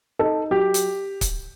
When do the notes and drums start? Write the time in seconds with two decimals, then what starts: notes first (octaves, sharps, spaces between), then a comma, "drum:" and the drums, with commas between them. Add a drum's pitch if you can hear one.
0.19 D#4 A4
0.51 F#3 G4
0.74 drum: hi-hat
1.21 drum: kick C#1, hi-hat